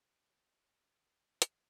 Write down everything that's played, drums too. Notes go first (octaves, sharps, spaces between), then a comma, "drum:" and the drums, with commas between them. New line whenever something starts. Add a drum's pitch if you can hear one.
D#2 C#5 D#5
D5 E5 C6
drum: hi-hat